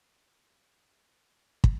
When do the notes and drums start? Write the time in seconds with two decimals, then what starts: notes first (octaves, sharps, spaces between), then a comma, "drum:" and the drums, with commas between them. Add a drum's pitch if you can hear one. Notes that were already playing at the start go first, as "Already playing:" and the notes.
0.21 A5 B5 C#6 D#6 C7 F7
1.64 drum: kick